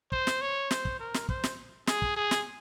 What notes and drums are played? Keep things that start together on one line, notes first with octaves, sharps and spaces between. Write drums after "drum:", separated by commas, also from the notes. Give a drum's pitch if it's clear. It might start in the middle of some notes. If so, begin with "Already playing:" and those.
C5, drum: kick
drum: snare
C#5
C5, drum: snare
drum: kick
A#4
drum: snare
C5, drum: kick
drum: snare
G#4, drum: snare
drum: kick
G#4
drum: snare